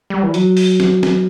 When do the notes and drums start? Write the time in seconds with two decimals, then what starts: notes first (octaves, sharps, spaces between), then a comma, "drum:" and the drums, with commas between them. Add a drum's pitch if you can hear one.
0.10 G3
0.23 E3
0.34 F#3, drum: hi-hat
0.57 drum: open hi-hat
0.80 drum: snare
1.03 drum: snare